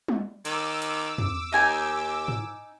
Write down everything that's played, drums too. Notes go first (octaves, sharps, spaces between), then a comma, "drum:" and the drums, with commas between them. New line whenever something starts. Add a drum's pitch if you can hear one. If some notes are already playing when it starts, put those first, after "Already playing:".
drum: tom G3
D#3 D6 E6, drum: hi-hat
drum: hi-hat
drum: tom
D#2 D#4 G#5
drum: tom G#2